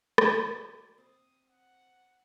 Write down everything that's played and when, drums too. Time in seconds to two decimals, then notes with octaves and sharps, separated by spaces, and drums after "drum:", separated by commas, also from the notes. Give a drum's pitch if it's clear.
0.18 F#4, drum: rim click
0.63 D5
0.98 C4 C5 D#6
1.48 F#5